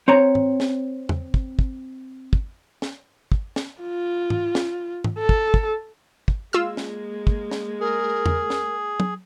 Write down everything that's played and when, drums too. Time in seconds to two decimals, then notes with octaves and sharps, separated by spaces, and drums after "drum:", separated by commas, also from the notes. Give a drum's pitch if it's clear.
0.08 C4 C#5 A#5
0.35 drum: tom G#2
0.60 drum: snare
1.09 drum: tom E2
1.34 drum: kick
1.59 drum: kick
2.33 drum: kick
2.82 drum: snare
3.32 drum: kick
3.56 drum: snare
3.81 F4
4.30 drum: tom G#2
4.55 drum: snare
5.04 drum: tom G#2
5.19 A4
5.29 drum: kick
5.54 drum: kick
6.28 drum: kick
6.53 G#3 A#3 F4 E6
6.77 drum: snare
7.27 drum: kick
7.51 drum: snare
7.80 G#4 A#4
8.26 drum: tom E2
8.50 drum: snare
9.00 drum: tom